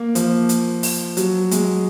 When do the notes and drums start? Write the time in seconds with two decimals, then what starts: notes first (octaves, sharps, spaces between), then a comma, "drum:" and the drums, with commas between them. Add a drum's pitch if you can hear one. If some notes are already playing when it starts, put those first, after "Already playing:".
Already playing: A#3
0.15 F3, drum: hi-hat
0.49 drum: hi-hat
0.83 drum: open hi-hat
1.17 F#3, drum: hi-hat
1.51 G#3, drum: hi-hat